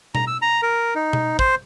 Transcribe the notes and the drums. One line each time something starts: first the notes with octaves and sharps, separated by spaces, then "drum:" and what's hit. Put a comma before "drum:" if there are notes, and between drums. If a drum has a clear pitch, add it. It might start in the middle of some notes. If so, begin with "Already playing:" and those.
A#5, drum: tom B2
E6
A#5
A#4
D#4
drum: tom B2
C5, drum: kick